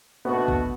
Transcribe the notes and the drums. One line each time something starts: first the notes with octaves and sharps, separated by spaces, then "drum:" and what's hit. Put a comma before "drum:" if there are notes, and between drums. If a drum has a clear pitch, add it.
B2 A3 B3 D4 F#4
drum: kick G#1